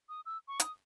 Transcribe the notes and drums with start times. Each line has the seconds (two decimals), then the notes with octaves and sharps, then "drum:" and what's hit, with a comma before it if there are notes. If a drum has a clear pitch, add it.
0.09 D#6
0.26 E6
0.48 C#6
0.60 D#6, drum: hi-hat